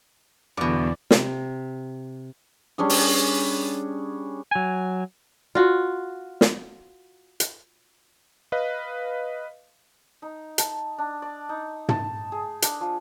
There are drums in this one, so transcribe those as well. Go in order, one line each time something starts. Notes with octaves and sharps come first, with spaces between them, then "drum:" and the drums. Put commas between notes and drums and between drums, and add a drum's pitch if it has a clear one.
E2 G2 B2 D3 E3 B3 D5
C3, drum: snare
G3 C#4 D4 G#4
drum: open hi-hat
F#3 G#5
F4 F#4
drum: snare
drum: hi-hat
B4 D#5 F5
D#4
A5, drum: hi-hat
D4
D5
D#4
A5, drum: tom
G#4
D4, drum: hi-hat
F3